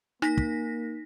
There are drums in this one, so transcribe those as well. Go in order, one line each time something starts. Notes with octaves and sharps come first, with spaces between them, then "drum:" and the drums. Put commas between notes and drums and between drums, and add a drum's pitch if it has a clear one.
A#3 D#4 A#6 B6, drum: rim click
drum: kick